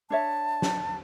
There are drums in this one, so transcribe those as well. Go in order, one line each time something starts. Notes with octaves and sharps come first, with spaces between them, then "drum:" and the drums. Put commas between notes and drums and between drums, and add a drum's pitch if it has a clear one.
D4 C#5 E5 A5
drum: snare